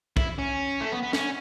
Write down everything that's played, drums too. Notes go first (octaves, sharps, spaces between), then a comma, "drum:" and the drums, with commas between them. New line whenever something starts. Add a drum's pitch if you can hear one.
E4, drum: kick
C#4
A3
B3
B3
C#4, drum: snare